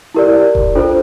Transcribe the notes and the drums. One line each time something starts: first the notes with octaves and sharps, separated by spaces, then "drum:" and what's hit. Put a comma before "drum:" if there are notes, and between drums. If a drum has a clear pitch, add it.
E4 G4 A#4 D5
drum: kick D#1
D4 F4 A4 C5